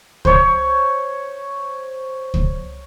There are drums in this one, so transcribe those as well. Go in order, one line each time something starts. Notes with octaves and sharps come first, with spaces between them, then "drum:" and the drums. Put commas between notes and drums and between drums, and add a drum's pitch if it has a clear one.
C5 C#5, drum: kick
drum: kick